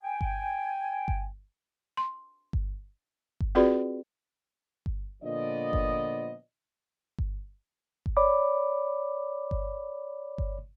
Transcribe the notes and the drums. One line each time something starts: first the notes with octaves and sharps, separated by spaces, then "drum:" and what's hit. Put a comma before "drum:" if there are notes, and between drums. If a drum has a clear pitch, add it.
G5 G#5
drum: kick G1
drum: kick G1
C6
drum: kick G1
drum: kick G1
C4 F4 F#4 G#4 B4 D5
drum: kick G1
A#2 D3 F3 B3 D5 D#5
drum: kick G1
drum: kick G1
drum: kick G1
C#5 D5 B5 D6
drum: kick G1
drum: kick G1